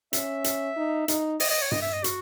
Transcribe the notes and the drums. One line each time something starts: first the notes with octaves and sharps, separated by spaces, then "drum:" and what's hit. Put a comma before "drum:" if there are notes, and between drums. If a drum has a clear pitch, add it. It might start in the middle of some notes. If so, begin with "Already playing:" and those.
C#4 E5, drum: hi-hat
drum: hi-hat
D#4
D#4, drum: hi-hat
D#5, drum: open hi-hat
D#5
C#5
D#5, drum: tom G2
E5
D#5
F#4, drum: hi-hat